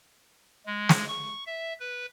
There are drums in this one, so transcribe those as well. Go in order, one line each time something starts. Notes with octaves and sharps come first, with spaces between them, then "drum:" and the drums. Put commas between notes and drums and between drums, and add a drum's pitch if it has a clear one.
G#3
drum: snare
C#6
E5
B4